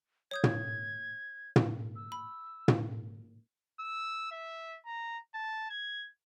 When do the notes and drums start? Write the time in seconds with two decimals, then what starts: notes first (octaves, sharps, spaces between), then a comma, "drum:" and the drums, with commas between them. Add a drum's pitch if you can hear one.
0.31 C#5 D#6 G6 G#6
0.44 drum: tom
1.56 drum: tom
1.96 E6
2.12 B5
2.68 drum: tom
3.80 E6
4.32 E5
4.86 A#5
5.34 A5
5.70 G#6